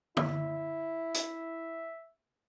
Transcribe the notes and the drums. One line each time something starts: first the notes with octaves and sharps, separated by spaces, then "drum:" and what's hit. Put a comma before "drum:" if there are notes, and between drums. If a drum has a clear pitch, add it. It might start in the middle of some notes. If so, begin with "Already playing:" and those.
E4 E5, drum: tom D3
drum: hi-hat